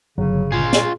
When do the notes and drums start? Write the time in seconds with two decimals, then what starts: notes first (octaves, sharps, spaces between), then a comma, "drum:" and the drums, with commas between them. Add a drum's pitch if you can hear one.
0.18 G1 C#3 F#3
0.52 A#2 F4 G#4
0.73 drum: snare